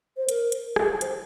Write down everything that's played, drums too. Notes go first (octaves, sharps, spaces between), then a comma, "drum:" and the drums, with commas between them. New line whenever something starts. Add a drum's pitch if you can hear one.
C5
A#4, drum: hi-hat
drum: hi-hat
drum: rim click
C5, drum: hi-hat